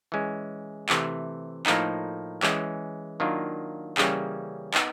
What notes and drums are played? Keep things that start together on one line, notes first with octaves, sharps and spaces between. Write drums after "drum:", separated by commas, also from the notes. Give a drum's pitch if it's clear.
E3 G#3 C#4
C3 E3 A3, drum: clap
A2 F3 A#3 D#4, drum: clap
E3 G#3 C#4, drum: clap
D#3 F#3 A#3 D4 F4
C#3 E3 G3 A#3 C#4, drum: clap
B3 D#4, drum: clap